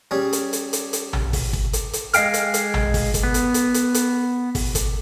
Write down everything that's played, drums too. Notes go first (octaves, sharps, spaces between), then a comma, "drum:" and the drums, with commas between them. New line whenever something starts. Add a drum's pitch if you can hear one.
G3 C#4 G#4
drum: hi-hat
drum: hi-hat
drum: hi-hat
drum: hi-hat
drum: tom A#1
drum: kick, open hi-hat
drum: kick
drum: hi-hat
drum: hi-hat
G#3 D#5 F5 G5 F6, drum: hi-hat
drum: hi-hat
drum: hi-hat
drum: tom A#1
drum: kick, open hi-hat
drum: kick, hi-hat
B3
drum: hi-hat
drum: hi-hat
drum: hi-hat
drum: hi-hat
drum: kick, open hi-hat
drum: kick, hi-hat